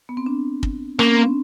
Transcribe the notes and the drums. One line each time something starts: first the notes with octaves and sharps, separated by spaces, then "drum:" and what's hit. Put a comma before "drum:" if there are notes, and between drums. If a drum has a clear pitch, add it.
B3
C4
D4
drum: kick
A#3 C#4, drum: rim click
B3
C4
D4